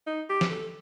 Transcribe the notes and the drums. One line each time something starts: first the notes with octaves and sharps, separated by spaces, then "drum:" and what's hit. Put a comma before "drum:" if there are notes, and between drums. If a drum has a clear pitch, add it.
D#4
G4
drum: snare
A4